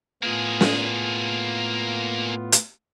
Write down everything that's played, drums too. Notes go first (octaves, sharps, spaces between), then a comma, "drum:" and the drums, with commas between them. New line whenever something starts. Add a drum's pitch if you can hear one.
A2 A#3 B3 F4 G#4
drum: snare
drum: hi-hat